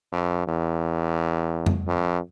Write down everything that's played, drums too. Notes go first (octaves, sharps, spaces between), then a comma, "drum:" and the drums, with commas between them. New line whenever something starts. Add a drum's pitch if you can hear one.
F2
E2
drum: tom F2
F2